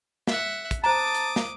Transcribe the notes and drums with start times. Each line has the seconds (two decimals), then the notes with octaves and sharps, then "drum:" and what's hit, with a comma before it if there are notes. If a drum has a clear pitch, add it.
0.27 E5 F#5, drum: snare
0.71 drum: kick, hi-hat
0.84 C5 A5 A#5 D6 D#6
1.14 drum: hi-hat
1.36 drum: snare